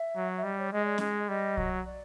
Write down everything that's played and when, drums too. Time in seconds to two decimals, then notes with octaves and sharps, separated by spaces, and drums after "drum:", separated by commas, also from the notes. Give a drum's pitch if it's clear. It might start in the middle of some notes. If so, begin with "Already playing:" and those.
Already playing: E5
0.16 F#3
0.37 E5
0.43 G3 D#5
0.58 C#5
0.72 G#3 D#5
0.85 D5
0.98 G#3 D#5, drum: snare C#4
1.29 G3 D#5
1.57 F#3, drum: kick
1.86 D5